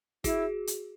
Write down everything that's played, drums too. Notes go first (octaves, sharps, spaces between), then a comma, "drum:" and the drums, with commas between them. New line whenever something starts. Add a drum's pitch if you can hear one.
E4 F#4 G#4, drum: kick, hi-hat
drum: hi-hat